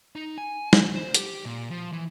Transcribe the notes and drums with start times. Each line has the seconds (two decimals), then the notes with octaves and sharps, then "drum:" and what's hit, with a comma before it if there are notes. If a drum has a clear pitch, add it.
0.15 D#4
0.38 G#5
0.73 drum: snare
0.96 C5
1.14 G4, drum: hi-hat
1.45 A#2
1.71 F3
1.92 E3